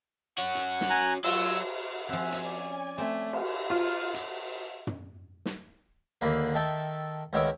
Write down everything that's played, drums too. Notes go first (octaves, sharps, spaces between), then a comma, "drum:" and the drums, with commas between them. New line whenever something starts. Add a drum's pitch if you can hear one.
C#4 F#4 F#5
drum: hi-hat
drum: snare
G#5 A#5 F#6
F#3 F4 E6, drum: cymbal
F3 C4 C#4 E5 F#5 G#5
drum: hi-hat
D5
A3 C4
drum: cymbal
F4
drum: hi-hat
drum: tom
drum: snare
D#2 D3 A#3 B4
D#3 A4 E5 G5 A5
C#2 D#3 B3 C#5 E5 D6